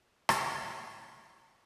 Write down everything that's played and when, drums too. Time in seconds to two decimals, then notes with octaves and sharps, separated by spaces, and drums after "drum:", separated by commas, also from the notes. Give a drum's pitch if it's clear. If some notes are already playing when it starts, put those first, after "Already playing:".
0.06 F3
0.29 drum: rim click
0.41 G#3
0.76 D#3
1.45 C#3